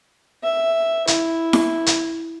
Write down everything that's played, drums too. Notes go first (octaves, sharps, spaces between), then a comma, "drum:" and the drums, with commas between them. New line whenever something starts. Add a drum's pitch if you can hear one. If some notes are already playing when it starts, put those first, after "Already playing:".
E5
E4, drum: hi-hat
drum: snare E4
drum: hi-hat